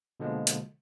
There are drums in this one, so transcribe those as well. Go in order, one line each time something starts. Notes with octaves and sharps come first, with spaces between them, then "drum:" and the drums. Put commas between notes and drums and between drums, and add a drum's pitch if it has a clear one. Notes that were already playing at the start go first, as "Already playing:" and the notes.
B2 D3 F3 G#3 A#3
drum: hi-hat